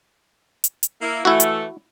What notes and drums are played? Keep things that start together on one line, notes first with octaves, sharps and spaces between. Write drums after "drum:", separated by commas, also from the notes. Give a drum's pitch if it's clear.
drum: hi-hat
drum: hi-hat
A#3 E4
E3 A3 E4 F#4
drum: hi-hat